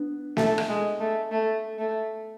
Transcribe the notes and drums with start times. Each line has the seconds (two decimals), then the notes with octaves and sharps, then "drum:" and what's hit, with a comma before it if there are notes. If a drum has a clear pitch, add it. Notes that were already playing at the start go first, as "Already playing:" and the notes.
Already playing: B3 D4
0.37 A3, drum: snare
0.58 drum: rim click
0.68 G#3
1.00 A3
1.31 A3
1.79 A3